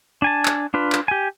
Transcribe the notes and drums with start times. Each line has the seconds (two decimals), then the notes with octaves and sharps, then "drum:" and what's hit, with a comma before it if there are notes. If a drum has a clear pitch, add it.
0.22 D4 G#5 A5
0.46 drum: clap
0.74 D4 F4 B4
0.92 drum: clap
1.08 G4 G#5